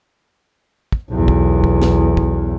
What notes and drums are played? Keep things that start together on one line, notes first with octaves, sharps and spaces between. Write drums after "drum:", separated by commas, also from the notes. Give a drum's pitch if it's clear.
drum: kick
B1 E2
drum: kick
drum: kick
drum: snare
drum: kick